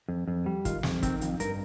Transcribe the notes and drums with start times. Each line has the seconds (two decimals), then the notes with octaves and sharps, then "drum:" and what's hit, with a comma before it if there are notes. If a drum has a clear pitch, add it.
0.08 F2
0.28 F2
0.46 G3
0.65 D#3 F4, drum: kick, hi-hat
0.83 F2, drum: snare
1.03 D#3 C4, drum: kick, hi-hat
1.21 F2, drum: hi-hat
1.40 G2 A#4, drum: hi-hat